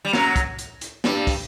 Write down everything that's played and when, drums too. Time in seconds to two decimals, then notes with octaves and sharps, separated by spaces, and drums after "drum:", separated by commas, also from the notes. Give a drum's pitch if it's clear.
0.05 G3
0.13 F#2 F#3, drum: snare
0.36 drum: kick, hi-hat
0.59 drum: hi-hat
0.81 drum: hi-hat
1.04 G2 G3, drum: snare
1.27 drum: kick, open hi-hat